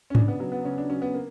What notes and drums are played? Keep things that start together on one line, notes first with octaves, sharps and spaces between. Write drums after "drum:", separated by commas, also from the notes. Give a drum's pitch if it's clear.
C#4
C#3 D4, drum: tom G#2
B3
F#3 B3
B3
C#3 C#4
D4
F#3 C#4
B3
A#3